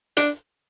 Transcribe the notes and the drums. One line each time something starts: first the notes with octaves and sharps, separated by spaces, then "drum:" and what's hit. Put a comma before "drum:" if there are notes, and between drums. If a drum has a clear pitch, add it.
D4, drum: hi-hat